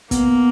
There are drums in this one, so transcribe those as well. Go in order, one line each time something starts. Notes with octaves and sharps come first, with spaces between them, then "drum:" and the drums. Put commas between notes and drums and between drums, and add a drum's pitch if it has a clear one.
A#3 B3, drum: kick, hi-hat